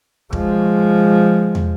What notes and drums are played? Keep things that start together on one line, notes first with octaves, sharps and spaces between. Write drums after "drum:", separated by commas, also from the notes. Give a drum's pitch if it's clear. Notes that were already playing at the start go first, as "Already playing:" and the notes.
F3 G#3, drum: kick
drum: tom